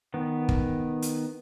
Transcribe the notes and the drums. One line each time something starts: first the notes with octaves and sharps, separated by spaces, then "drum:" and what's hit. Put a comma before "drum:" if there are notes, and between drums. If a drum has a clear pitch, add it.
D#3 B3
drum: kick
drum: hi-hat